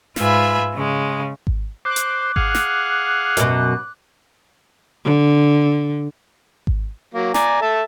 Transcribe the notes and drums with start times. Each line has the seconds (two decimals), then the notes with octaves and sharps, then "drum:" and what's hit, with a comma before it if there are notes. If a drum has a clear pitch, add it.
0.16 G#2 F4 B4 E5 G#5 B5, drum: snare
0.74 C#3 G#3
1.47 drum: kick G#1
1.85 C5 D6 F#6
1.96 drum: hi-hat
2.36 G#4 F5 F#5, drum: kick G#1
2.55 drum: snare
3.37 F#2 B2, drum: hi-hat
5.05 D3
6.67 drum: kick G#1
7.14 F#3 A#3
7.34 D5 G#5 A#5, drum: snare
7.62 A4 E5 A5